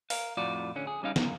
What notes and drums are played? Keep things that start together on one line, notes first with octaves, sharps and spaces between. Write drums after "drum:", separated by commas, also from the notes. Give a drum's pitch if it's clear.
A#4 F5, drum: open hi-hat
F2 A2 F4 F#4 D5
D3 C#4
G#4
G3 C#4 D#4 F5
F#2 A#3, drum: snare